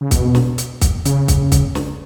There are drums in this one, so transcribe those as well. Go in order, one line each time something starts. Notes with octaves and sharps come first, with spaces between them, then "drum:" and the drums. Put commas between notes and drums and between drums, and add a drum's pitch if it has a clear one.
C#3
B2, drum: kick, hi-hat
drum: snare
drum: hi-hat
drum: kick, hi-hat
C#3, drum: hi-hat
drum: kick, hi-hat
drum: kick, hi-hat
drum: snare